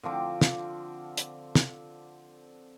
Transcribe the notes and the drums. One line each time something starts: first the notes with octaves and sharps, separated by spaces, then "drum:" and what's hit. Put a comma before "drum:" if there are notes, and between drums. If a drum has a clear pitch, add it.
D3 F3 C4 D6
drum: snare
drum: hi-hat
drum: snare